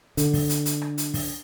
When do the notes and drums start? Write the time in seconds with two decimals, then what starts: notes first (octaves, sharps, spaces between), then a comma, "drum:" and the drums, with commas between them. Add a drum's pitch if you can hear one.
0.17 D3, drum: hi-hat
0.33 drum: kick, open hi-hat
0.49 drum: hi-hat
0.66 drum: hi-hat
0.82 drum: rim click
0.98 drum: hi-hat
1.14 drum: kick, open hi-hat